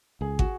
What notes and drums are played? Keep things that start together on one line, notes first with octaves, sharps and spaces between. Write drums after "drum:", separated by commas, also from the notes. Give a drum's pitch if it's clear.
C#2 G#4
F#4, drum: kick